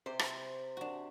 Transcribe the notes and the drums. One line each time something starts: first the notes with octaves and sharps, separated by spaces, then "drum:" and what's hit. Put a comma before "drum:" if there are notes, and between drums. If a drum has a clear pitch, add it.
C3 C5
drum: rim click
D4 F#4